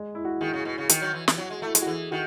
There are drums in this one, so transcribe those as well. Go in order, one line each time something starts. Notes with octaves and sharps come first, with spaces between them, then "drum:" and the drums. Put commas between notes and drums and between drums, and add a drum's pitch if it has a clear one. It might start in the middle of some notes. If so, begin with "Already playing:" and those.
Already playing: G#3
E4
F#4
D#3 G#4
C#3
B2
C#3
D#3 F#4, drum: hi-hat
F#3
E3
E3, drum: snare
F#3 F#4
G#3
A3 E4
G#3, drum: hi-hat
F#4
E3 G#4
D#3 F#4